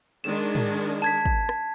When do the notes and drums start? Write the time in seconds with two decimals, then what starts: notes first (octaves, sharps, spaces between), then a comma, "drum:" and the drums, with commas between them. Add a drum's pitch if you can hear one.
0.24 D#3 G#3 D4 E7
0.55 drum: tom
1.02 A5 G#6 B6
1.25 drum: kick
1.49 drum: rim click